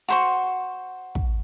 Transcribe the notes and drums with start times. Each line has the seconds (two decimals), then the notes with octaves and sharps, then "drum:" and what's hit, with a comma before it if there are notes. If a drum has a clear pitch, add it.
0.09 F#4 C5 C#6, drum: hi-hat
1.15 drum: kick